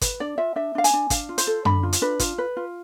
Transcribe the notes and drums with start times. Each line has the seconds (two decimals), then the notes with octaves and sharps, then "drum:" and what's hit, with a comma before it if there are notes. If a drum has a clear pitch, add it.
0.01 B4, drum: kick, hi-hat
0.20 D4 D5
0.38 F4 E5
0.56 D4 E5
0.75 D4 F5
0.84 G#5, drum: hi-hat
0.93 D4
1.10 D4 F5, drum: kick, hi-hat
1.29 F4
1.38 C5, drum: hi-hat
1.47 A4
1.65 D4 B5, drum: tom F#2
1.83 F4
1.93 drum: hi-hat
2.02 D4 B4
2.19 F4, drum: kick, hi-hat
2.38 B4
2.57 F4